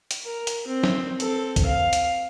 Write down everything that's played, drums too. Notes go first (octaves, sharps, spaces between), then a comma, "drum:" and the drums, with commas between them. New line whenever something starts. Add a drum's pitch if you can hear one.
drum: hi-hat
A#4
drum: hi-hat
C4
drum: snare
C4 A4, drum: hi-hat
drum: kick C#2, hi-hat
F5
drum: hi-hat